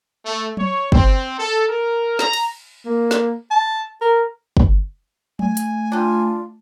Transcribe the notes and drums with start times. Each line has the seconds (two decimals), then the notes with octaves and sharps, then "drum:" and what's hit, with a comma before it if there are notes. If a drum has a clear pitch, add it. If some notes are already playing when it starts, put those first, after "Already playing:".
0.25 A3
0.57 C#5, drum: tom F#3
0.92 C4, drum: kick G1
1.39 A4
1.69 A#4
2.19 A#5, drum: snare
2.33 drum: cymbal
2.85 A#3
3.11 drum: snare
3.51 A5
4.01 A#4
4.57 drum: kick G1
5.39 A3 G#5, drum: tom F#3
5.57 drum: hi-hat
5.92 G3 D4 F4